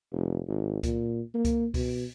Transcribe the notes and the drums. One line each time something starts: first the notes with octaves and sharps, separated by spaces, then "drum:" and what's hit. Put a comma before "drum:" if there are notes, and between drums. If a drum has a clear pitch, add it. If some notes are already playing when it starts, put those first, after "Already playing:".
F1
G#1
A#2, drum: kick C#2, hi-hat
A#3
drum: kick C#2, hi-hat
B2, drum: kick C#2, open hi-hat